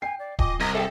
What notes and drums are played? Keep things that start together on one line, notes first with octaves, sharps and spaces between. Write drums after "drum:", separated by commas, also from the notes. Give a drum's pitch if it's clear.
G5 G#5 C7
D5
F4 D#5 G5 G#5 D6, drum: kick D1
C2 D#5 A#5 G#6 A#6 B6
G#4 A4 E5 G5